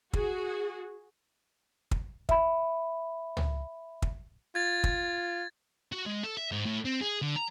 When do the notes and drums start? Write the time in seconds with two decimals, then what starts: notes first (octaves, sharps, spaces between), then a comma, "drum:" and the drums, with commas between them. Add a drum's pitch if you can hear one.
0.13 F#4 G#4, drum: kick
1.91 drum: kick
2.29 E5 B5, drum: kick
3.37 drum: tom
4.02 drum: kick
4.55 F4 G#6 A6
4.84 drum: kick
5.92 F#4
6.06 G#3
6.23 A4
6.37 E5
6.52 G#2
6.66 A2
6.85 C4
7.01 G#4
7.22 D3
7.36 A#5